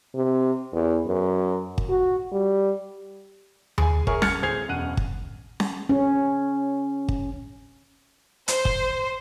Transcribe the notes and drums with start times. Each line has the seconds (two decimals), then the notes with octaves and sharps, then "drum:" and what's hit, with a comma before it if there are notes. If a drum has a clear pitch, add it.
0.15 C3
0.73 E2
1.08 F#2
1.78 drum: kick
1.90 F#4
2.32 G3
3.78 G#4 G#5, drum: tom D#2
4.07 G#4 A#4 C#5 E5 C#6, drum: kick
4.22 F6 F#6 G#6 A6 C#7, drum: snare C#4
4.42 D1 G#4 C5 G#6 C7 F7
4.69 E1 F#2 F#5 F#6 D#7
4.97 drum: kick
5.60 drum: snare C#4
5.89 C#4
7.08 drum: kick
8.48 C5, drum: hi-hat
8.65 drum: kick